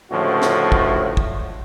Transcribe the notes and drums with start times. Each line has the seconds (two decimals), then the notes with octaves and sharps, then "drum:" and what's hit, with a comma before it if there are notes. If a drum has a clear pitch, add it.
0.12 C#2 A2 D3 F3 F#4
0.42 drum: snare
0.72 drum: kick
1.17 drum: kick